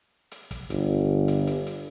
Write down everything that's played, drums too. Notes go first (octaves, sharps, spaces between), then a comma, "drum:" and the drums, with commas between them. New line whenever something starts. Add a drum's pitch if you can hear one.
drum: hi-hat
drum: kick, hi-hat
G1, drum: hi-hat
drum: hi-hat
drum: hi-hat
drum: hi-hat